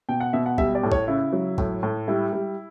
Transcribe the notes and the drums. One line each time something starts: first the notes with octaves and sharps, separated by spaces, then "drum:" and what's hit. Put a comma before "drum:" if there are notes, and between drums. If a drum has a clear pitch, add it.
B2 G5
F#5
B2 E5
F#5
G3 E5, drum: kick
D5
A2
C#5, drum: kick
C#3 E4
F#3
A2, drum: kick
A2
G3 E4
G3